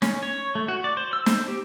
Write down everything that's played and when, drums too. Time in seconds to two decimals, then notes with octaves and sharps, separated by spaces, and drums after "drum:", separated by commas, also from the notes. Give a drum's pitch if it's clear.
0.02 C#4, drum: snare
0.23 C#5
0.55 A3
0.68 F#4
0.84 D5
0.97 C5
1.13 E6
1.26 C5, drum: snare
1.48 G4